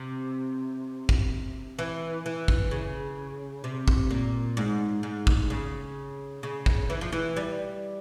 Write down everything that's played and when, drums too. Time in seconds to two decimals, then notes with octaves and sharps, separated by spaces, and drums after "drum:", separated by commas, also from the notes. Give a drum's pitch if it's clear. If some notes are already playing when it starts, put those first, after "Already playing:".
Already playing: C3
1.09 drum: kick
1.79 E3
2.26 E3
2.48 drum: kick
2.71 C#3
3.64 C3
3.88 drum: kick
4.11 A#2
4.57 G#2
5.03 G#2
5.27 drum: kick
5.50 C#3
6.43 C#3
6.66 drum: kick
6.90 E3
7.01 F3
7.12 E3
7.36 G3